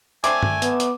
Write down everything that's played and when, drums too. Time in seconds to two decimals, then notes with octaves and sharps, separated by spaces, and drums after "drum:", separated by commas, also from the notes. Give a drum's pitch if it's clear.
0.24 A3 C4 D4 G#5 D6, drum: hi-hat
0.43 drum: tom G2
0.62 B3, drum: hi-hat
0.80 drum: hi-hat